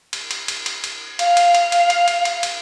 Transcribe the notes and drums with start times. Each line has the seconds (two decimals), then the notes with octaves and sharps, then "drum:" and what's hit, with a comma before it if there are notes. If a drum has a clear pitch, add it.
0.13 drum: cymbal
0.31 drum: cymbal
0.48 drum: cymbal
0.66 drum: cymbal
0.84 drum: cymbal
1.19 F5, drum: cymbal
1.37 drum: cymbal
1.55 drum: cymbal
1.72 drum: cymbal
1.90 drum: cymbal
2.08 drum: cymbal
2.25 drum: cymbal
2.43 drum: cymbal